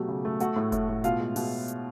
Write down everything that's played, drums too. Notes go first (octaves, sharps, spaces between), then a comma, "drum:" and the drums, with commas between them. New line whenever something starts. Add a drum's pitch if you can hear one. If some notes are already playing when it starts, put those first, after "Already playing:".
Already playing: B2 F#3 A3 G4
C#3
A3
A3 F#4 F#5, drum: hi-hat
A2
A2, drum: kick F1, hi-hat
A2
B2 F4 F5, drum: hi-hat
G#3
B2, drum: open hi-hat
drum: hi-hat